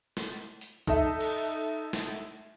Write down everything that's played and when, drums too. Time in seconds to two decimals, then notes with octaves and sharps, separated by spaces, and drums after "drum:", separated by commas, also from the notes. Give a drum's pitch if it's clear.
0.17 drum: snare
0.61 drum: hi-hat
0.87 D#4 A4 E5, drum: kick
1.20 drum: cymbal
1.93 drum: snare